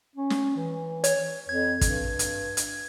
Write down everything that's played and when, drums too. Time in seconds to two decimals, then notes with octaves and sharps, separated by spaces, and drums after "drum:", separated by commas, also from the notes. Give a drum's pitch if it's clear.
0.16 C#4
0.30 drum: snare
0.56 E3
1.04 C#5, drum: hi-hat
1.49 F2 G#6
1.81 G2, drum: kick, hi-hat
2.19 drum: hi-hat
2.57 drum: hi-hat